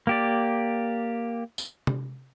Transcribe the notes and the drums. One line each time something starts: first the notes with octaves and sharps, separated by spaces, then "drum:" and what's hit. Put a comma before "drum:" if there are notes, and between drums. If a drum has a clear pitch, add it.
A#3 G4 D5
drum: tambourine
drum: tom C3